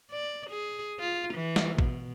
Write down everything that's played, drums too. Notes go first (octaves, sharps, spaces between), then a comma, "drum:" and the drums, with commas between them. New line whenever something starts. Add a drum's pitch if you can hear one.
D5
G#4
F4
E3
drum: snare
B2, drum: kick A1